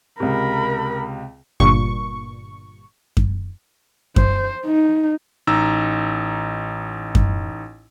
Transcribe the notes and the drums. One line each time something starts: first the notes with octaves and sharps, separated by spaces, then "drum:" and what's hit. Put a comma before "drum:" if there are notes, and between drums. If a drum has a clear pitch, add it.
C#2 C3 A#4 B5
G1 G2 A#2 C#6
drum: kick F#2
C5, drum: kick F#2
D#4
A1 D#4 A#5 E6
drum: kick F#2